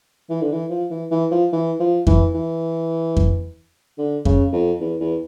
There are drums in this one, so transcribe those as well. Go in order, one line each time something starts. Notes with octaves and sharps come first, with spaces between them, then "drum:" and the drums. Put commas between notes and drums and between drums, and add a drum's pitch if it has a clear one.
E3
D3
E3
F3
E3
E3
F3
E3
F3
E3, drum: kick F2
E3
drum: kick F2
D3
C#3, drum: kick F2
F2
E2
E2